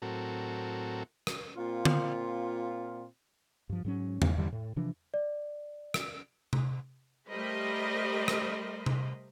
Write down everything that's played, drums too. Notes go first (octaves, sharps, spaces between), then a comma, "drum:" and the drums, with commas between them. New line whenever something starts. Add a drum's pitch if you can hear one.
A2 F#3 C4 F#4 A4 A#4
drum: rim click
A#2 C4 F4
drum: tom D3
G2 F3
G#2 F#3 C#4
E2 G#2 D#3, drum: tom E2
G2 D3 E3 G3
A2
C3 E3 F3 D4
D5
drum: rim click
drum: tom C3
G3 A3 A#4 C5 D#5 B5
drum: rim click
drum: tom C3